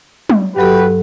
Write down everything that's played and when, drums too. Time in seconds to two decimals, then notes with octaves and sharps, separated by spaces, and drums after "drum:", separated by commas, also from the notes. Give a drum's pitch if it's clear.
0.29 drum: tom
0.56 G2 F#3 F#4 G4 A4 B4